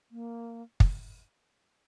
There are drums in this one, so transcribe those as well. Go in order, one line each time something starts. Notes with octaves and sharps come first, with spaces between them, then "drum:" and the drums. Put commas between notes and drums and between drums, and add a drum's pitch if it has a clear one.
A#3
drum: kick